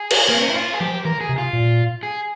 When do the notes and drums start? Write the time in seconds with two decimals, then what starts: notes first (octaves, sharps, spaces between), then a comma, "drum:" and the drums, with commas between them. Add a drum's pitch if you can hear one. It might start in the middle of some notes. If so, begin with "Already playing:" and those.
Already playing: G#4
0.11 drum: cymbal
0.28 A#3
0.34 C4
0.41 C#4
0.49 E4
0.56 F4
0.73 G#4
0.80 F3 G4
1.05 E3 A#4
1.21 G#4
1.29 C3
1.38 F4
1.53 A#2
2.03 G#4